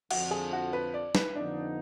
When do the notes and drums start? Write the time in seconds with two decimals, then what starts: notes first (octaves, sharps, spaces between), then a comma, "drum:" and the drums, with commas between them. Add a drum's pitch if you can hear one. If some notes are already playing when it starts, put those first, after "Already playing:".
0.11 F2 D3 F3 F#4, drum: cymbal
0.31 G#4
0.53 F#4
0.73 B4
0.94 D5
1.15 B4, drum: snare
1.36 F2 D3 F3 B3 D4 D#4